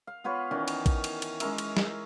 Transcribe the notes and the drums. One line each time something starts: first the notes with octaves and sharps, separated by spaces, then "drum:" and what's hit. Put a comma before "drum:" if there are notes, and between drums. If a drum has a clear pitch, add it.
F5
B3 F4 B4 C#5
D#3 E3 C#4 D5
drum: cymbal
drum: kick A1, cymbal
drum: cymbal
drum: cymbal
G#3 C#4 A#4 E5, drum: cymbal
drum: cymbal
drum: snare